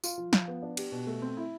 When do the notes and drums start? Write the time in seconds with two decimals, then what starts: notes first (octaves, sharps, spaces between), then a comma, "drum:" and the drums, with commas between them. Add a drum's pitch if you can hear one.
0.04 F4, drum: tambourine
0.18 F3
0.33 F3, drum: snare
0.48 B3
0.62 D4
0.77 G4, drum: cymbal
0.92 B2
1.07 A3
1.22 C4
1.37 E4